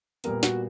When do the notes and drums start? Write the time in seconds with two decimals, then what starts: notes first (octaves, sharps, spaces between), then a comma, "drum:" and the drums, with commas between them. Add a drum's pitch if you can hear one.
0.24 A#2 G3 B3 A#4, drum: hi-hat
0.43 F#4, drum: snare